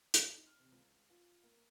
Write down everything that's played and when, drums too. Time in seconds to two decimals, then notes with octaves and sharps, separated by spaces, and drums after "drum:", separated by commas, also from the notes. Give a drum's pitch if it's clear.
0.14 F#1, drum: hi-hat
0.26 D#4
0.46 F6
0.60 C3
0.72 C#2
1.10 F4
1.43 A#3